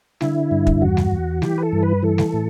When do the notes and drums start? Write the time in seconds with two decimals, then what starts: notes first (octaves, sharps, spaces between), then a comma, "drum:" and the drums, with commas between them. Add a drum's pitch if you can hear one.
0.21 D3 E4, drum: snare G3
0.51 G2
0.67 drum: kick
0.82 E2 F#4
0.97 drum: snare G3
1.12 E2
1.42 E3 G4, drum: snare G3
1.58 B4
1.62 A4
1.72 G2
1.83 B4
2.02 E3 A4
2.18 drum: snare G3
2.34 A2